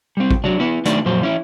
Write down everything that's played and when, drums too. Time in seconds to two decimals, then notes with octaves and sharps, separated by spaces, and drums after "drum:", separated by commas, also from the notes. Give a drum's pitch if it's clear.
0.17 G3 C4
0.31 drum: kick A1
0.44 F#3 D4, drum: tom
0.60 B3 E4
0.85 D#3 F#3 A3 D4 D#4 D5, drum: hi-hat
1.05 F2 A#2 F#3 C5
1.21 E3 C#4 E4